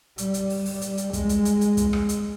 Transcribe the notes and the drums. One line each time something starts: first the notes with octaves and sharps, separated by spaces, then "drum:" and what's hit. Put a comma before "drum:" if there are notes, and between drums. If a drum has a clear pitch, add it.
G3, drum: hi-hat
drum: hi-hat
drum: open hi-hat
drum: open hi-hat
drum: hi-hat
drum: hi-hat
G#3, drum: kick, hi-hat
drum: hi-hat
drum: hi-hat
drum: hi-hat
drum: kick, hi-hat
drum: rim click
drum: hi-hat